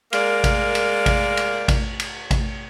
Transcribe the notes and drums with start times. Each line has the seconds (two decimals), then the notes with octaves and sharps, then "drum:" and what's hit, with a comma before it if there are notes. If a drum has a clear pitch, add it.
0.13 G#3 A#3 A#4 D5, drum: cymbal
0.44 drum: kick A1, cymbal
0.75 drum: cymbal
1.06 drum: kick A1, cymbal
1.37 drum: cymbal
1.68 drum: kick A1, cymbal
1.99 drum: cymbal
2.31 drum: kick A1, cymbal